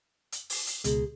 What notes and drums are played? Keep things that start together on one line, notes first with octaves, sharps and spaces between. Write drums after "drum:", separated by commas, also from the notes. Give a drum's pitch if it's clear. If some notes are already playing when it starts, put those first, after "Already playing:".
drum: hi-hat
drum: open hi-hat
drum: hi-hat
C#2 B2 G#3 G#4, drum: hi-hat